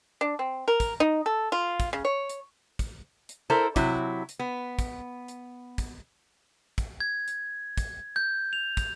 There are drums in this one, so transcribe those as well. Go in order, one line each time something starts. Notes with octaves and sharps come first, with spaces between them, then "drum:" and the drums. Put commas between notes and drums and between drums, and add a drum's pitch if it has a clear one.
D4
C4
A#4
drum: kick, hi-hat
D#4
A4
F4
drum: kick, hi-hat
C#3
C#5
drum: hi-hat
drum: kick, hi-hat
drum: hi-hat
E4 A4 A#4 C5
C3 F#3 E4, drum: kick, hi-hat
drum: hi-hat
B3
drum: kick, hi-hat
drum: hi-hat
drum: kick, hi-hat
drum: kick, hi-hat
G#6
drum: hi-hat
drum: kick, hi-hat
G6
F7
drum: kick, hi-hat